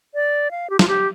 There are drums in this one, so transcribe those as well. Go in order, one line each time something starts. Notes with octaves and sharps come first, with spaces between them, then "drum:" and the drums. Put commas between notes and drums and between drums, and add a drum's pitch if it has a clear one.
D5
F5
G4
F4, drum: snare
G4